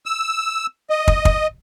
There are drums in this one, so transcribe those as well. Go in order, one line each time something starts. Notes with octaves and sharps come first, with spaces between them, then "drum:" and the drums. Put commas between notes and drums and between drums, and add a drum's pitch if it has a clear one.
E6
D#5
drum: kick
drum: kick